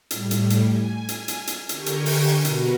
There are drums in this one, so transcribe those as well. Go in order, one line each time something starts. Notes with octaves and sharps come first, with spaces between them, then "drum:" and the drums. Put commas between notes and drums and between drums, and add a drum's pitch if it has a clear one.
A2 G3, drum: hi-hat
drum: hi-hat
drum: hi-hat
G#5
drum: hi-hat
drum: hi-hat
drum: hi-hat
D3 G4 A#4 G#5 C#6 G6, drum: hi-hat
drum: hi-hat
drum: open hi-hat
B2 F#4 A#4 B4 B5, drum: hi-hat